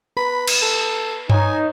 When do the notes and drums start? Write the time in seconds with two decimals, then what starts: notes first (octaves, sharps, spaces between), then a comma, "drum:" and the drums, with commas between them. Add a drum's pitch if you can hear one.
0.17 B4 B5
0.47 drum: cymbal
0.62 A4
1.30 D#4 C#5 G#5, drum: tom G2